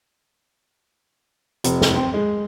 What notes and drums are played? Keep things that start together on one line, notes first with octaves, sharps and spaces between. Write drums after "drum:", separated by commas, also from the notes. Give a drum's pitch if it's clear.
F1, drum: hi-hat
drum: snare
C4
G#3